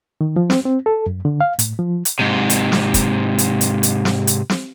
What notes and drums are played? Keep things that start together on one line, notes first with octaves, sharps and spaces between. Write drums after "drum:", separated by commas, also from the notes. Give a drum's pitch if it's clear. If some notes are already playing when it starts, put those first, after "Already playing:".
D#3
F3
C4, drum: snare
C4
A4
F#2
D3
F5
A2, drum: hi-hat
F3
drum: hi-hat
G#2 C3
drum: hi-hat
drum: snare
drum: kick, hi-hat
drum: hi-hat
drum: hi-hat
drum: hi-hat
drum: snare
drum: hi-hat
drum: snare